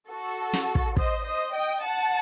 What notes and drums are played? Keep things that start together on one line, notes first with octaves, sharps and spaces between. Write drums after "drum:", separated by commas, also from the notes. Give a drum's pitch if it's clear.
F#4 A4
drum: snare
drum: kick
C5 D#5, drum: kick
C5 D#5
D#5 G5
F#5 A5